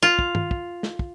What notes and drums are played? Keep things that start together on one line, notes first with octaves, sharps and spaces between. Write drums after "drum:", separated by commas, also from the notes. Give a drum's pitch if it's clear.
F4
drum: kick
drum: tom
drum: kick
drum: snare
drum: kick